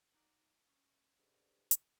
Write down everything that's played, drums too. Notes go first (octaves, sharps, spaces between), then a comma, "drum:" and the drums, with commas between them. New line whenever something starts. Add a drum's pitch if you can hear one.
D#4 F#4 D5
C#4
G#2 D3 D4 G4 B4
drum: hi-hat